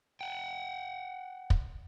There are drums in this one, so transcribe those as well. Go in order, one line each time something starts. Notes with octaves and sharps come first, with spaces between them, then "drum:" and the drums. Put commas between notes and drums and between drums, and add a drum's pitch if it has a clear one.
F#5 G5
drum: kick